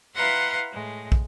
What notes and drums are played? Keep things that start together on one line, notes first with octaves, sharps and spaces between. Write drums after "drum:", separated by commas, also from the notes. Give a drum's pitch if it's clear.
E4 B4 F5 F#5 A#5 C6
A2 G#3
drum: kick